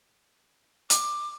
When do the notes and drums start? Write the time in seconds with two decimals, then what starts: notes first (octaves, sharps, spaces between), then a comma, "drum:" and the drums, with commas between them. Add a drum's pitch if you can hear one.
0.90 D6, drum: hi-hat